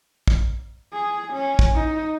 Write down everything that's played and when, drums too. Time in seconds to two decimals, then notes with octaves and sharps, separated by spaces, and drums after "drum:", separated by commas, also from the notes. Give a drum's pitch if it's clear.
0.27 drum: kick
0.93 G#4
1.33 C#4
1.59 drum: kick
1.75 D#4